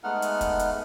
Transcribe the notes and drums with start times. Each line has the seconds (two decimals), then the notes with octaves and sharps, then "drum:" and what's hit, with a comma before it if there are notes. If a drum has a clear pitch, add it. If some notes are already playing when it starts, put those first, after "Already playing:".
0.04 G#3 A3 B3 D#4 F#5 F6
0.22 drum: hi-hat
0.41 drum: kick, hi-hat
0.59 drum: hi-hat